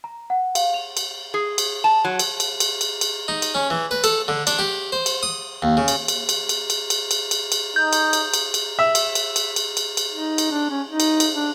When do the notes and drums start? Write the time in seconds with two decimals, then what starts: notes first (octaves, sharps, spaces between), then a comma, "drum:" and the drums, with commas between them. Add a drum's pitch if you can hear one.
0.04 A#5
0.30 F#5
0.55 F5, drum: cymbal
0.74 F7
0.97 drum: cymbal
1.34 G#4
1.58 drum: cymbal
1.84 A5
2.05 F#3
2.19 drum: cymbal
2.40 drum: cymbal
2.60 drum: cymbal
2.81 drum: cymbal
3.01 drum: cymbal
3.28 D#4
3.42 drum: cymbal
3.55 C#4
3.70 E3
3.91 B4
4.04 A4, drum: cymbal
4.28 D3
4.47 D4, drum: cymbal
4.59 G4
4.92 C5
5.06 drum: cymbal
5.23 D#6
5.62 D#2
5.77 C#3
5.88 drum: cymbal
6.08 drum: cymbal
6.29 drum: cymbal
6.49 drum: cymbal
6.70 drum: cymbal
6.90 drum: cymbal
7.11 drum: cymbal
7.31 drum: cymbal
7.52 drum: cymbal
7.76 D#4 G6
7.93 drum: cymbal
8.13 drum: cymbal
8.34 drum: cymbal
8.54 drum: cymbal
8.79 E5
8.95 drum: cymbal
9.15 drum: cymbal
9.36 drum: cymbal
9.56 drum: cymbal
9.77 drum: cymbal
9.97 drum: cymbal
10.12 D#4
10.38 drum: cymbal
10.51 D4
10.70 C#4
10.89 D#4
11.00 drum: cymbal
11.20 drum: cymbal
11.34 D4